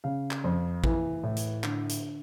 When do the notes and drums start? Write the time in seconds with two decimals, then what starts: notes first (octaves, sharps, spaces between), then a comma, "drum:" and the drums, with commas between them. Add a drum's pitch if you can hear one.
0.04 C#3 F5
0.31 drum: clap
0.44 F2
0.84 E3, drum: kick
1.24 A2
1.37 drum: hi-hat
1.64 D3, drum: clap
1.89 drum: hi-hat